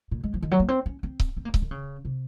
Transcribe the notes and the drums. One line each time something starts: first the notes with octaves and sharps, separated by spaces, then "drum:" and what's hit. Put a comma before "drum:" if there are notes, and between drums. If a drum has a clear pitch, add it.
A#2
G#3
F3
D#3
F#3
A#3
C4
C#4
C4
drum: kick C#1
C4
A#3
G#3, drum: kick C#1
D#3
C#3
C3